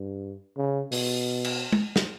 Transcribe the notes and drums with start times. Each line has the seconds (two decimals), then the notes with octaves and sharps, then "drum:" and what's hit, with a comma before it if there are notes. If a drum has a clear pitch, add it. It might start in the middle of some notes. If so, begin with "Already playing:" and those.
Already playing: G2
0.57 C#3
0.92 B2, drum: open hi-hat
1.45 drum: cymbal
1.72 drum: tom
1.96 drum: snare